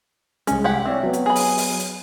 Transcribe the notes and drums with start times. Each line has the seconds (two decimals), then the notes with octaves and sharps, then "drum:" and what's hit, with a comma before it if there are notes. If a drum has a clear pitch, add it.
0.47 C2 G#3 C#4, drum: hi-hat
0.64 E4 G4 F#5
0.86 C4 C#5 D5 E5
1.03 F#3 B3
1.14 drum: hi-hat
1.26 G#4 B5
1.36 drum: open hi-hat
1.58 drum: open hi-hat
1.80 drum: hi-hat